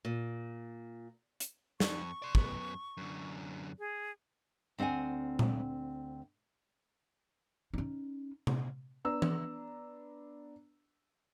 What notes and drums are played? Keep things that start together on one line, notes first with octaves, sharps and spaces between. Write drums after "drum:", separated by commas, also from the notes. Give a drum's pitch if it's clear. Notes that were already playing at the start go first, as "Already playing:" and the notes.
A#2
drum: hi-hat
F2 C#6, drum: snare
D5 C6
F#2 B3, drum: kick
F#2 D3
G#4
D2 C4 D#5 F#5 G#5
drum: tom A#2
C#4 D#4
drum: tom C3
B3 D4 A#5 E6
drum: tom E3